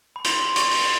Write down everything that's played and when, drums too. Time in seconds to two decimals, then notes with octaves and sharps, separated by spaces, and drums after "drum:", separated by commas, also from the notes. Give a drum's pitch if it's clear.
0.16 B5
0.25 C6, drum: hi-hat
0.45 C6
0.56 C#6, drum: hi-hat
0.71 drum: open hi-hat